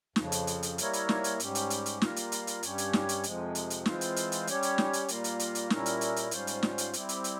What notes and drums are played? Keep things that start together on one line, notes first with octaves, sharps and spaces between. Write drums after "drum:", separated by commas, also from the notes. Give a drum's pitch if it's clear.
F2 C#3 F3, drum: snare
drum: hi-hat
drum: hi-hat
drum: hi-hat
G3 A#3 E4 A#4 C#5, drum: hi-hat
drum: hi-hat
drum: snare
drum: hi-hat
G#2 G3 C#4 G4, drum: hi-hat
drum: hi-hat
drum: hi-hat
drum: hi-hat
G3 A#3 F4 A#4, drum: snare
drum: hi-hat
drum: hi-hat
drum: hi-hat
G2 G3 C#4 G4 C#5, drum: hi-hat
drum: hi-hat
drum: snare
drum: hi-hat
F2 C3 F3 G#3, drum: hi-hat
drum: hi-hat
drum: hi-hat
E3 G#3 C4 F4 C5, drum: snare
drum: hi-hat
drum: hi-hat
drum: hi-hat
G3 C#4 G4 C#5, drum: hi-hat
drum: hi-hat
drum: snare
drum: hi-hat
A#2 G3 A#3 F4 A#4, drum: hi-hat
drum: hi-hat
drum: hi-hat
drum: hi-hat
A#2 G3 C#4 E4 A#4, drum: snare
drum: hi-hat
drum: hi-hat
drum: hi-hat
G#2 G3 C#4 F4 C5, drum: hi-hat
drum: hi-hat
drum: snare
drum: hi-hat
G3 C4 E4 G4, drum: hi-hat
drum: hi-hat
drum: hi-hat